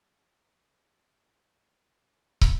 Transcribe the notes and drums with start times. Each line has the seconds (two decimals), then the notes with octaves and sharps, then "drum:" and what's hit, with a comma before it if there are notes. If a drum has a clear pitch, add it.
0.24 C5 D#5 G5
2.41 drum: kick